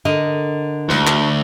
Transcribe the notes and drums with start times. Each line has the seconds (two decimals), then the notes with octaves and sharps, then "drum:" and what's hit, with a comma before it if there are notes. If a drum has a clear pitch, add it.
0.05 D3 A#4 D#5
0.89 D2, drum: snare
1.07 drum: clap